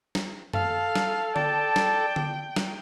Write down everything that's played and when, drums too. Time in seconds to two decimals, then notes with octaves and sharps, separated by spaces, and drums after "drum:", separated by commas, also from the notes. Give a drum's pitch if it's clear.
0.15 drum: snare
0.53 A4 F5, drum: tom
0.95 drum: snare
1.36 D5 G5 A5, drum: tom D3
1.76 drum: snare
2.16 drum: tom D3
2.56 drum: snare